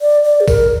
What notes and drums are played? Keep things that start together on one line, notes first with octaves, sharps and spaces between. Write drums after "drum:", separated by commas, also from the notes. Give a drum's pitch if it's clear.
D5
D5
G#4
A#4, drum: kick A#1, tambourine